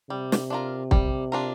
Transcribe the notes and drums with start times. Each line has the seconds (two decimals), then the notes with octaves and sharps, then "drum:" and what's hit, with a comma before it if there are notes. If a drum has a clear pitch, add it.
0.10 C3 G3
0.32 drum: snare
0.50 D4 F4 A#4
0.91 G3, drum: kick
1.32 D4 F4 A#4